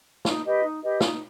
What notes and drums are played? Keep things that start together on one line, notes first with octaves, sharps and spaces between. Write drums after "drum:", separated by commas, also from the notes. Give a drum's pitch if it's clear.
D#4, drum: snare
G4 B4 D#5
D#4
G4 B4 D#5
D#4, drum: snare